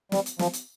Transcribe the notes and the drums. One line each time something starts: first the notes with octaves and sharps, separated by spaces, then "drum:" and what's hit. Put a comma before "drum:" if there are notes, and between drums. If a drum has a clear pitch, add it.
G3, drum: snare
drum: hi-hat
F3, drum: snare
drum: hi-hat